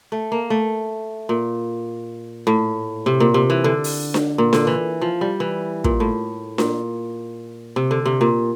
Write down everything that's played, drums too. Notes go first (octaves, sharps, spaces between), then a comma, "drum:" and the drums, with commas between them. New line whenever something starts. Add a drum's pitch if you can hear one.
A3
A#3
A3
A#2
A2
C3
A#2
C3
E3
D3
drum: open hi-hat
drum: snare D4
A#2
D3, drum: snare D4
E3
F3
G3
E3
A#2, drum: kick
A2
A#2, drum: snare D4
C3
D3
C3
A#2